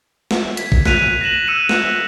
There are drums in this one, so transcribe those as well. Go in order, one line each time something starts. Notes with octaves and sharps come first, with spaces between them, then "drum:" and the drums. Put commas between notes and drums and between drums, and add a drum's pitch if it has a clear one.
drum: snare
G#6 B6, drum: hi-hat
drum: kick
F#6 B6 D#7 F7, drum: snare
A#6 B6 E7 F#7
E6 F#6 B6 C#7 D#7 F#7
F#6, drum: snare